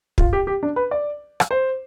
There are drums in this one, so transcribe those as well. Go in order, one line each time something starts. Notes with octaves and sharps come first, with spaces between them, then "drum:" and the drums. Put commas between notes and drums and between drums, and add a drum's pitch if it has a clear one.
F4, drum: kick
G4
G4
D4
B4
D5
drum: rim click
C5